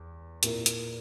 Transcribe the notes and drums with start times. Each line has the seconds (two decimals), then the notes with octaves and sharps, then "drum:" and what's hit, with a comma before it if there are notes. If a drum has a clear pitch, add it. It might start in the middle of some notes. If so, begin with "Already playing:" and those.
Already playing: E2
0.43 A#2 A#3 E4 A#4, drum: hi-hat
0.66 drum: hi-hat